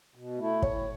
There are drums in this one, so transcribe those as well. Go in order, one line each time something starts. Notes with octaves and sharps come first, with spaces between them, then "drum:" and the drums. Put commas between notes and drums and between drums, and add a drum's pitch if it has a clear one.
B2
A3 E4
A2 C#5, drum: kick